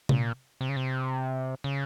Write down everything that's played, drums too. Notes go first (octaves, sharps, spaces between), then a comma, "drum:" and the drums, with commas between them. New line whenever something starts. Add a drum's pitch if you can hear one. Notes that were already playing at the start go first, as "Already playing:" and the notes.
A#2, drum: tom C3
C3
C#3
C3
C#3